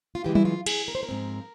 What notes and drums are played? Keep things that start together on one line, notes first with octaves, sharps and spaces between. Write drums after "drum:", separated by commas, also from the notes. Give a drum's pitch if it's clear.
F4
C#3 E3 G#3 G4
E4, drum: tom F#3
F4
G#4, drum: cymbal
A#4
C5
A#4
G#2 F3 C4